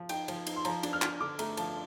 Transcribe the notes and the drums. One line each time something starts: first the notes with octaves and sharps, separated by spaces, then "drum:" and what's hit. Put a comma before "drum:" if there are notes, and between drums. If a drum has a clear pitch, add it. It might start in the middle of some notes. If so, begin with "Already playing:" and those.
Already playing: F3
D#4 G5, drum: cymbal
F3, drum: cymbal
D#4, drum: cymbal
C6
F3 A#5, drum: cymbal
D4, drum: cymbal
F6
D4, drum: clap
D3 D6
A3 A#5, drum: cymbal
F3 A5, drum: cymbal